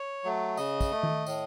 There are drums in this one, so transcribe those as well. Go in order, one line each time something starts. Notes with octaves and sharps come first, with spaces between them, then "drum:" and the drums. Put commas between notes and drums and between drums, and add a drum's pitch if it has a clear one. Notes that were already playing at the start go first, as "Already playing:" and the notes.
Already playing: C#5
F#3 A3
C#3 D#5, drum: tambourine
drum: kick, tambourine
A3
drum: tom D#3
A2, drum: tambourine